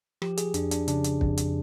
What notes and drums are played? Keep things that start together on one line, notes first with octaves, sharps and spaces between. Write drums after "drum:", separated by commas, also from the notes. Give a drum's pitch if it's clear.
F3 G4, drum: rim click
G#4, drum: hi-hat
F2 D4, drum: hi-hat
D4, drum: hi-hat
C#3 D4, drum: hi-hat
drum: hi-hat
F2, drum: kick
drum: hi-hat